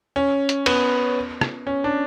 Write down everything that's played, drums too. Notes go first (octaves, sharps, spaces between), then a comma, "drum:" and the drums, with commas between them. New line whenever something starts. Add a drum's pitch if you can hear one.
C#4
drum: hi-hat
B3, drum: cymbal
drum: rim click
C#4
D4